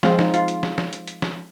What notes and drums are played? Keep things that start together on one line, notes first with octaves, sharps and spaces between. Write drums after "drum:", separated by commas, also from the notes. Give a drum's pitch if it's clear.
F3 G#3 C4 F4, drum: snare
D#4, drum: snare
F4, drum: hi-hat
drum: hi-hat
drum: snare
drum: snare
drum: hi-hat
drum: hi-hat
drum: snare